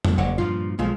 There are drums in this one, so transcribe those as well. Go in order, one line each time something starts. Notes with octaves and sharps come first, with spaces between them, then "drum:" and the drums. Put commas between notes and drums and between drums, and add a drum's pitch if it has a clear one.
drum: tom F2
F#1 C#5 D5 F#5
G2 A#2 F3 F4
B1 F3 G#3 A3 F4